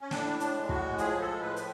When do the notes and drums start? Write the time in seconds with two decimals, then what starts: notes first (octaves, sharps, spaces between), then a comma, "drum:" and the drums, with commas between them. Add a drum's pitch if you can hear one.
0.01 C#4
0.11 A2 D4, drum: snare
0.40 D4, drum: hi-hat
0.54 G#3
0.69 F#4, drum: kick
0.98 F3 G#4, drum: hi-hat
1.20 A4
1.41 A2 B4
1.56 drum: hi-hat